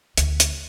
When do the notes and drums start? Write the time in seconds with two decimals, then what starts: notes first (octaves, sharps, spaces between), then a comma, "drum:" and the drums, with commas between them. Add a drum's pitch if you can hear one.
0.17 D2, drum: hi-hat
0.40 drum: hi-hat